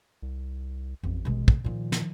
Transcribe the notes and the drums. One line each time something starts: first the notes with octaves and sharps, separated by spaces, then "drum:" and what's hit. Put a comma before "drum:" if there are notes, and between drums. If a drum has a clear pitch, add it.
C2
A1 F2
B2 G#3
drum: kick
A#2 D#3 F3
drum: snare